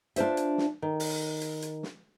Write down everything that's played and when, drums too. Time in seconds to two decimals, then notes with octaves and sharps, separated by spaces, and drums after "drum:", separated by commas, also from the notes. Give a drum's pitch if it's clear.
0.16 D4 F4 C5 E5, drum: hi-hat
0.37 drum: hi-hat
0.58 drum: snare
0.82 D#3
1.00 drum: open hi-hat
1.41 drum: hi-hat
1.62 drum: hi-hat
1.83 drum: snare